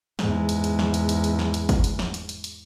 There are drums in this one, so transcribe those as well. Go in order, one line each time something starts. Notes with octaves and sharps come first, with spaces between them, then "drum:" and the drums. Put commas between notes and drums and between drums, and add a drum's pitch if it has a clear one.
E2 G#2, drum: snare
drum: hi-hat
drum: hi-hat
drum: snare
drum: hi-hat
drum: hi-hat
drum: hi-hat
drum: snare
drum: hi-hat
drum: kick, hi-hat
drum: hi-hat
drum: snare
drum: hi-hat
drum: hi-hat
drum: hi-hat